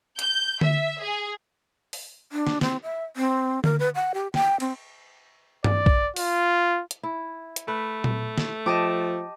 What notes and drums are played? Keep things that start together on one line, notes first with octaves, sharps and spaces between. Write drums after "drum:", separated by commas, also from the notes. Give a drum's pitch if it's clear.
G6, drum: hi-hat
E5, drum: tom D3
G#4
drum: open hi-hat
D4
drum: snare
C4, drum: snare
E5
C4
A#4, drum: tom D3
B4
F#5
G4
G5, drum: snare
C4, drum: cymbal
D5, drum: tom G2
drum: kick
F4, drum: open hi-hat
drum: hi-hat
E4
drum: hi-hat
A3 B4
drum: tom A#2
drum: snare
F3 G4 D#5 A5 D6